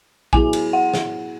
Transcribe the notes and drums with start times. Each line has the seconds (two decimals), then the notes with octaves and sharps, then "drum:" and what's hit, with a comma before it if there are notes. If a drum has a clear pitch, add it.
0.33 F#3 B3 E4 G#4 G#5, drum: kick A#1
0.53 drum: cymbal
0.73 F#5
0.94 drum: snare